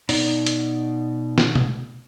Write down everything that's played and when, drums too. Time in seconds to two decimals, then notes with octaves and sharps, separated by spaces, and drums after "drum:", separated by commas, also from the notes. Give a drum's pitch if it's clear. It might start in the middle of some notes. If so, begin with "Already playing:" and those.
0.09 B2 D#4 D5, drum: open hi-hat
0.47 drum: hi-hat
1.38 drum: snare
1.55 drum: tom B2